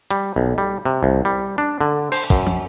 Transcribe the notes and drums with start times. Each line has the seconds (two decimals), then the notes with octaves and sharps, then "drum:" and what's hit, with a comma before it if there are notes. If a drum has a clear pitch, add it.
0.11 G3, drum: hi-hat
0.36 B1
0.58 G3
0.85 C3
1.03 C2
1.25 G3
1.58 D4
1.81 D3
2.12 C5, drum: cymbal
2.30 F#2, drum: kick
2.47 drum: tom